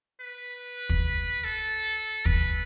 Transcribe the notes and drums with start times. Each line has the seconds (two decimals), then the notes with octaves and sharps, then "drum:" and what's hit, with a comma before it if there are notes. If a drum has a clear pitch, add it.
0.21 B4
0.89 drum: kick
1.44 A4
2.25 B4, drum: kick